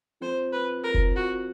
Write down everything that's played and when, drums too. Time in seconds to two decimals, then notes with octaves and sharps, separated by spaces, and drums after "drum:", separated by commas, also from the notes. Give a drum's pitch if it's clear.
0.21 F2 C5
0.52 B4
0.84 A#4
0.94 drum: kick F1
1.16 F#4